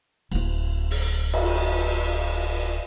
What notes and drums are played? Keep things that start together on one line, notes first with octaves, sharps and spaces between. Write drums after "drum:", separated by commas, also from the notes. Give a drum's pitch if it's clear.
D1 E4, drum: cymbal
drum: open hi-hat
drum: cymbal